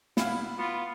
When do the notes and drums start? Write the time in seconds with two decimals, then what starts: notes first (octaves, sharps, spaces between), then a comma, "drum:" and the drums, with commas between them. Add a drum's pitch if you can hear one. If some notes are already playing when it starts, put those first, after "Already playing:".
0.17 B2 E4 F5, drum: snare
0.58 B3 F4